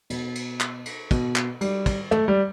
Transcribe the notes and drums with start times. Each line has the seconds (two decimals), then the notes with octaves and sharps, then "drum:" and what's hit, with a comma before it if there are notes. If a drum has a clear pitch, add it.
0.10 B2, drum: cymbal
0.35 drum: cymbal
0.60 drum: clap
0.86 drum: cymbal
1.11 B2, drum: kick, cymbal
1.36 drum: clap
1.61 G3, drum: cymbal
1.86 drum: kick, cymbal
2.11 A3, drum: tom
2.28 G3